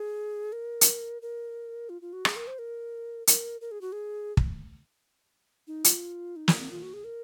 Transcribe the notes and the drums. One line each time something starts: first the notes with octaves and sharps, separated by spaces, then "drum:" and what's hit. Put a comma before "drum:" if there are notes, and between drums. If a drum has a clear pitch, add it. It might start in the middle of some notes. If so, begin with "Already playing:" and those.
Already playing: G#4
A#4
drum: hi-hat
A#4
F4
F4
F#4
G#4, drum: rim click
A#4
C5
A#4
A#4, drum: hi-hat
A#4
G#4
F#4
G#4
drum: kick
D#4
F4, drum: hi-hat
D#4
F4, drum: snare
C4
F4
F#4
G#4
A#4